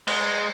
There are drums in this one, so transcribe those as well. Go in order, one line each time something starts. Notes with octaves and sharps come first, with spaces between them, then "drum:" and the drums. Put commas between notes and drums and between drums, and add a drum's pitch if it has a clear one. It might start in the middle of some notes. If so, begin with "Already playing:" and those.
G#3, drum: cymbal